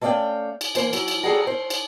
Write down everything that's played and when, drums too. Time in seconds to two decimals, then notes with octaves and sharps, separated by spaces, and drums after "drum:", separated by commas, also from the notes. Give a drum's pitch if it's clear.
0.01 A3 C#4 D5 D#5 F5 G5
0.61 drum: cymbal
0.75 E3 A#3 C5, drum: cymbal
0.93 F#3, drum: cymbal
1.08 drum: cymbal
1.23 F#3 G3 G#4 A4 F#5 A#5
1.47 C5
1.70 drum: cymbal